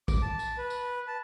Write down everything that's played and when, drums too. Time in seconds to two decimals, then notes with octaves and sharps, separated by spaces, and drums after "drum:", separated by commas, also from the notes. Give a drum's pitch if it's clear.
0.08 D6, drum: kick, tambourine
0.22 A5
0.39 drum: tambourine
0.58 B4
0.70 drum: tambourine
1.07 A5